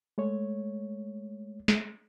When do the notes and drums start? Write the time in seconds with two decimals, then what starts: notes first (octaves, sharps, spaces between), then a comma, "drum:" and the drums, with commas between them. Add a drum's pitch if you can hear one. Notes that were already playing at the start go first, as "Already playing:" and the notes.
0.18 G#3 A3 C#5
1.68 drum: snare